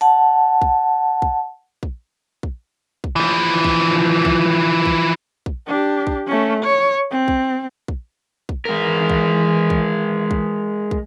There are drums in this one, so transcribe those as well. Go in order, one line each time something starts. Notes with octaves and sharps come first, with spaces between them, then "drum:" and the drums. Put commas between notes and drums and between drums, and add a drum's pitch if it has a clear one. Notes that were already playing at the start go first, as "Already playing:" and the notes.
F#5 A5
drum: kick
drum: kick
drum: kick
drum: kick
drum: kick
E3 F3
drum: kick
drum: kick
drum: kick
drum: kick
D4 G4
drum: kick
A3 C#4
C#5
C4
drum: kick
drum: kick
drum: kick
E3 G#3 A#4
drum: kick
drum: kick
drum: kick
drum: kick